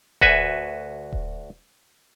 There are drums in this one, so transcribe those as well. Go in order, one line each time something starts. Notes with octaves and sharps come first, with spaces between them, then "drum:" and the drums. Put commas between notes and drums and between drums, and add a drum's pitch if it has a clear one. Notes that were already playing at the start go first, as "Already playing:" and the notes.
D2 F#4 B4 E5 G#5, drum: kick D#1
drum: kick D#1